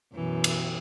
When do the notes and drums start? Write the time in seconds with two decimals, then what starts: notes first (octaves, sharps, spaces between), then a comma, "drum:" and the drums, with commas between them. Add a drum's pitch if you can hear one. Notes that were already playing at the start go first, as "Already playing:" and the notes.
0.15 F#2 B2 E3
0.44 drum: cymbal